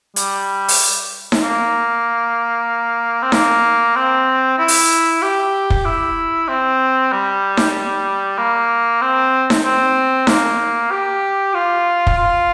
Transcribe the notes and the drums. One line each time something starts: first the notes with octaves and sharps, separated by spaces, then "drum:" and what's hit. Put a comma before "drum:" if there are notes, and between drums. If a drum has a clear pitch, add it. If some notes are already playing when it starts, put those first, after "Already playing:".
G3, drum: hi-hat
drum: open hi-hat
drum: snare D#4
A#3
C4
A#3, drum: snare D#4
C4
E4
drum: open hi-hat
G4
drum: kick
E4
C4
G3
drum: snare D#4
A#3
C4
drum: snare D#4
C4
A#3, drum: snare D#4
G4
F4
drum: kick
F4